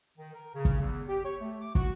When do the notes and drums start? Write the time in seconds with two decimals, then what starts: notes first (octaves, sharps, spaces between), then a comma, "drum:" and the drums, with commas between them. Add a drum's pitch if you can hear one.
0.18 D#3
0.34 A#4
0.55 C#3
0.65 drum: kick
0.80 E2
1.08 G4
1.25 C#5
1.41 A3
1.61 D6
1.75 F#4, drum: kick